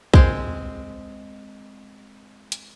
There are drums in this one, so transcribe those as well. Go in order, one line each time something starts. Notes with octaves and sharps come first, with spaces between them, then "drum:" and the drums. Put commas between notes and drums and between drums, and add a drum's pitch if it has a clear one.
G#3 C4, drum: kick B1
drum: hi-hat